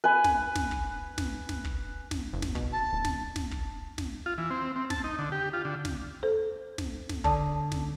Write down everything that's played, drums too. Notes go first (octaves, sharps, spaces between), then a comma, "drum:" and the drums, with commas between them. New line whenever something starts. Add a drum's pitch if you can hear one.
B4 G#5
drum: snare
drum: snare
drum: kick
drum: snare
drum: snare
drum: kick
drum: snare
F#1
drum: snare
B2, drum: kick
A5
D1
drum: snare
drum: snare
drum: kick
drum: snare
F4
E3
C4
C4
A5, drum: snare
D#4
D3
G4
F4
D3
drum: snare
A4 C5
drum: snare
drum: snare
D3 A5 D#6, drum: kick
drum: snare